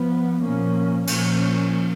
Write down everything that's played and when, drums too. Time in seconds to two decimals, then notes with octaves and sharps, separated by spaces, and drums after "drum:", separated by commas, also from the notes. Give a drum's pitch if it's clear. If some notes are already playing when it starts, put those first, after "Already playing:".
Already playing: F3 B3
0.41 A#2 F3 A#3 C#4
1.07 A#2 F3 A#3 C#4, drum: cymbal